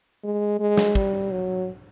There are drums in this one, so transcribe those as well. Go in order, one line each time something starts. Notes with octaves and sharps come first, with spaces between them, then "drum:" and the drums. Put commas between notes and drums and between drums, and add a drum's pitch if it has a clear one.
G#3
G#3
drum: snare
G3, drum: kick
F#3